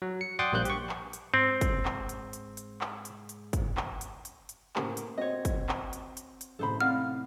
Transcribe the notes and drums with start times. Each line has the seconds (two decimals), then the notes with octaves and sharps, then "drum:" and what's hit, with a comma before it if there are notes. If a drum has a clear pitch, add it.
0.02 F#3
0.21 C#7
0.39 D5 F#5 G5 C6 D6 D#6
0.53 A#1 G3 A#3 C5 F#6 G6
0.65 G4 C#6, drum: hi-hat
0.89 drum: clap
1.13 drum: hi-hat
1.34 G#2 C4
1.61 drum: kick, hi-hat
1.85 drum: clap
2.09 drum: hi-hat
2.33 drum: hi-hat
2.57 drum: hi-hat
2.81 drum: clap
3.05 drum: hi-hat
3.29 drum: hi-hat
3.53 drum: kick, hi-hat
3.77 drum: clap
4.01 drum: hi-hat
4.25 drum: hi-hat
4.49 drum: hi-hat
4.76 A2 C#3 A#3 G4 C5, drum: clap
4.97 drum: hi-hat
5.18 C4 F#4 C5 C#5 D#5
5.45 drum: kick, hi-hat
5.69 drum: clap
5.93 drum: hi-hat
6.17 drum: hi-hat
6.41 drum: hi-hat
6.59 A1 A2 C3 A4 C5 B5
6.80 C4 D#4 D5 F5 F#5 F6